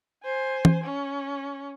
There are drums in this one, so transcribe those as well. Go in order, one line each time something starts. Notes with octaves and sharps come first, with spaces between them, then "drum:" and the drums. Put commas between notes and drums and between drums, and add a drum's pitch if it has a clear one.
C5 G#5
drum: tom E3
C#4